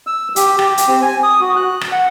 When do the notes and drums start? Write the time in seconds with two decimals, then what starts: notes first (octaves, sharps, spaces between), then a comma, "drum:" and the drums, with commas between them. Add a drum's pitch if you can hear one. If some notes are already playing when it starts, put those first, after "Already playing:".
0.07 E6
0.36 G4, drum: hi-hat
0.59 G4, drum: rim click
0.77 drum: hi-hat
0.88 C4
1.02 G#5
1.23 D#6
1.41 F#4
1.56 F#6
1.81 drum: rim click
1.92 F#5